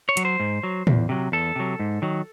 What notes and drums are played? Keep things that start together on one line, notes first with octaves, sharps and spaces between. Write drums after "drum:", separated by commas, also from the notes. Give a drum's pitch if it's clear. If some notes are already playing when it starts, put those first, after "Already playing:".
C#5
F#3, drum: hi-hat
C5
G#2
F#3
E2, drum: tom A2
C3 F#3
E2 A4
C3 F#3
G#2
D#3 F#3